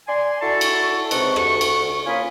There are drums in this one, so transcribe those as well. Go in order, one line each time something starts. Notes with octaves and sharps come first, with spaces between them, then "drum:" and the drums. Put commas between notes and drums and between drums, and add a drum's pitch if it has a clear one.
D5 G#5 C6
E4 F#4 A4 A5 C#6
drum: cymbal
C#2 C3 D#4 B4 C#6, drum: cymbal
D2 C#6, drum: rim click
drum: cymbal
A#3 C#4 F4 G#5 B5 D#6